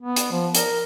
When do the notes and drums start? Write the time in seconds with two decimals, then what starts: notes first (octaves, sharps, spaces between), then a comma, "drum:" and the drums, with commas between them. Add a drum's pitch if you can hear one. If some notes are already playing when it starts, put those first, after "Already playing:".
0.02 B3
0.16 drum: hi-hat
0.32 F3
0.55 A#4, drum: hi-hat